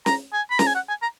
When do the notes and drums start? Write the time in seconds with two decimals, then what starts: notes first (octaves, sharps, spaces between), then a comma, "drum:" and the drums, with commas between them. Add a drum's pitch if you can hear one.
0.06 A#5, drum: snare
0.33 G#5
0.51 B5
0.59 A#5, drum: snare
0.67 G#5
0.75 F#5
0.89 G#5
1.02 A#5